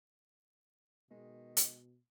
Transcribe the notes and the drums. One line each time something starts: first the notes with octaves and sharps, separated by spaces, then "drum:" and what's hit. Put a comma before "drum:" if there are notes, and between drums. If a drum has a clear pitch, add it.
B2 D#3 G#3
drum: hi-hat